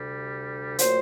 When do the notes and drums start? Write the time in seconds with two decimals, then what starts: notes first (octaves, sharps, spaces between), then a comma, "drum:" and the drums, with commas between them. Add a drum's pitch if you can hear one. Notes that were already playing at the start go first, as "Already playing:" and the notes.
Already playing: D2 C3 G3
0.79 A#2 F#3 A3 C5, drum: hi-hat